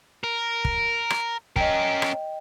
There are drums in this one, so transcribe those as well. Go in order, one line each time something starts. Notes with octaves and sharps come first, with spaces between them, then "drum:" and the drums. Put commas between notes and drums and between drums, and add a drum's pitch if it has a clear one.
A#4
drum: kick
drum: rim click
C#4 A#4 D#5 G5, drum: kick
drum: rim click